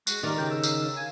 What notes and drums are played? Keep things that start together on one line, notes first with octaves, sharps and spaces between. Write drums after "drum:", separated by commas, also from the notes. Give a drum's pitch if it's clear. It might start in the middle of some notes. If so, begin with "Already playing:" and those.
G#3 F#4, drum: tambourine
D#3 G4 A#4 D5
C#3 G5
E6
drum: tambourine
F5 G#5